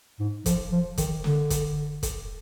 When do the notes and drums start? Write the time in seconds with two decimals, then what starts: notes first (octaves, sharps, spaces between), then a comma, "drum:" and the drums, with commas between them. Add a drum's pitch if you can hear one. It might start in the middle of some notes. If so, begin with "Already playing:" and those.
0.20 G#2
0.46 F3, drum: kick, hi-hat
0.72 F3
0.98 D#3, drum: kick, hi-hat
1.24 D3, drum: snare
1.50 drum: kick, hi-hat
2.03 drum: kick, hi-hat